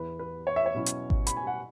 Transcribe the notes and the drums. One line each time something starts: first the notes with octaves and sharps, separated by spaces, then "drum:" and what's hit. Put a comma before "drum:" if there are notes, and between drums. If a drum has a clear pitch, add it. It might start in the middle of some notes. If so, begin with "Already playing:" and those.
Already playing: E2 E3 B3 E4 B4
B4
C#5
E5
C#5
B2 F#3 C#4 E4
drum: hi-hat
drum: kick G#1
B5, drum: hi-hat
G#5
F#5